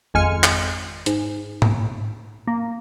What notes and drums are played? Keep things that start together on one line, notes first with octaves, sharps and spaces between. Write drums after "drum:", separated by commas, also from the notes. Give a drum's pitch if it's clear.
G#1 F2 G#3 G#5 F6 C#7
drum: clap
G#2, drum: hi-hat
drum: tom G#2
A#3